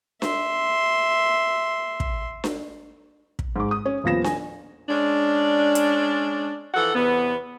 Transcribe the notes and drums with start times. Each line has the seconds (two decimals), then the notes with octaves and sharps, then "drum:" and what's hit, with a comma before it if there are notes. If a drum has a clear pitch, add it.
0.22 E5 C6, drum: snare D4
2.00 drum: kick
2.44 drum: snare D4
3.39 drum: kick
3.56 G#2 D6
3.71 D#6
3.85 C#4
4.04 D#1 A#2 F3 B3 A#6 E7
4.24 G#5, drum: snare D4
4.89 G#3 C#4 D4
5.75 drum: hi-hat
6.74 E3 F3 A4 F#5
6.95 E2 C3 B3